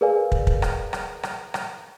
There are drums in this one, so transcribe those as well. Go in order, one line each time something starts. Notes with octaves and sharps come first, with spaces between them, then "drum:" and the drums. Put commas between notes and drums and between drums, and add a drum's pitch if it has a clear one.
G#4 A#4 B4 D5 F5 G#5
drum: kick
drum: kick
drum: rim click
drum: rim click
drum: rim click
drum: rim click